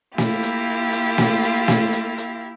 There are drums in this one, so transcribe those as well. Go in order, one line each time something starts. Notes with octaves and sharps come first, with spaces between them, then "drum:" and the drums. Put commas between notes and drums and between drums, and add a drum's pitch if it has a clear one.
A#3 E4 F4 G4, drum: snare
drum: hi-hat
drum: hi-hat
drum: snare
drum: hi-hat
drum: snare
drum: hi-hat
drum: hi-hat